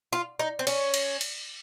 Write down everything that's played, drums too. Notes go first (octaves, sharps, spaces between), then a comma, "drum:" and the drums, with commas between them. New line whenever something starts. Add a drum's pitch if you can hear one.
F4
D#4
C4
C#4, drum: cymbal
drum: cymbal
drum: cymbal